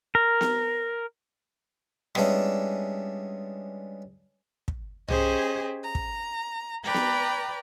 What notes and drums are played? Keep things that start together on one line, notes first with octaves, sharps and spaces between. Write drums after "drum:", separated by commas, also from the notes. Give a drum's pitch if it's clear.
A#4
drum: snare B3
G3 G#3 B3 C#4 D4 E4, drum: rim click
drum: kick
C#4 G4 G#4 C5 D#5, drum: tom B1
A#5
drum: kick
B4 D5 G5 A#5
drum: snare B3